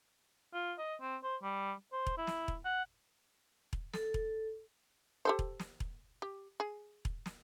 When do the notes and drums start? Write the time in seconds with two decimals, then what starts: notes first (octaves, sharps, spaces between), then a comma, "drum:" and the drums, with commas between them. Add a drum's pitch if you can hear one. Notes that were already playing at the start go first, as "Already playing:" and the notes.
0.53 F4
0.78 D#5
1.01 C4
1.23 C5
1.43 G3
1.92 C5
2.06 drum: kick E1
2.18 E4
2.27 drum: snare
2.48 drum: kick E1
2.65 F#5
3.73 drum: kick E1
3.94 A4, drum: snare
4.14 drum: kick E1
5.25 G4 A4 C5
5.39 drum: kick E1
5.60 drum: snare
5.80 drum: kick E1
6.22 G4
6.60 G#4
7.05 drum: kick E1
7.26 drum: snare